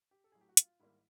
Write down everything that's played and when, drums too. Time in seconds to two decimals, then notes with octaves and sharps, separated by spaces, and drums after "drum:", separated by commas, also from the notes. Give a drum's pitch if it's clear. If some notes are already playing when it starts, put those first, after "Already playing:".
0.11 G4
0.24 A4
0.32 A2 F#3 A3 G#4
0.41 G4
0.49 F#4
0.57 F4, drum: hi-hat
0.80 G#2 D#3 G3 A#3 E4